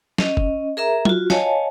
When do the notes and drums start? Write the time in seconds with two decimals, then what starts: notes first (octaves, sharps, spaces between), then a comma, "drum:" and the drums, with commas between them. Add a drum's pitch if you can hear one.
0.18 C#4 D#5, drum: snare
0.37 drum: kick
0.77 G#4 A#4 E5 A#5
1.05 F4 F#4, drum: tom F#3
1.30 C#5 D#5 F5 G#5 A5, drum: snare